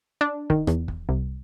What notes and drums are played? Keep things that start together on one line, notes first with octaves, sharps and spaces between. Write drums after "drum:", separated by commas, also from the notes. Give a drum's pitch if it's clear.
D4
D#3, drum: kick
E2, drum: rim click
drum: kick
C2